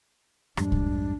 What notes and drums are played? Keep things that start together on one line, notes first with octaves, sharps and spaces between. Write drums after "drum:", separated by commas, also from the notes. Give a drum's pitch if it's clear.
F2 G#2 G3 D4, drum: rim click
drum: kick